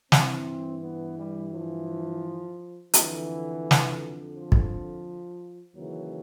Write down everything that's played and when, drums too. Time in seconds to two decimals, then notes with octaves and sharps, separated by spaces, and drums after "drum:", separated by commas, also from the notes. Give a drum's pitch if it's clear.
0.12 G2 E3 C4, drum: snare
0.82 B3
1.18 G3
1.53 F3
2.94 F2 D3 E3, drum: hi-hat
3.71 drum: snare
4.35 F3
4.52 drum: kick
5.75 D#2 C#3 E3 F#3